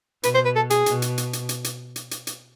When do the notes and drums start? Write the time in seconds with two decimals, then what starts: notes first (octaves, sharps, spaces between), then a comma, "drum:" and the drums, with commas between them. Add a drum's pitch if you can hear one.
0.23 B2 B4, drum: hi-hat
0.35 C5
0.45 B4
0.56 A4
0.70 G#4, drum: hi-hat
0.86 B2, drum: hi-hat
1.02 drum: hi-hat
1.18 drum: hi-hat
1.33 drum: hi-hat
1.49 drum: hi-hat
1.64 drum: hi-hat
1.96 drum: hi-hat
2.11 drum: hi-hat
2.27 drum: hi-hat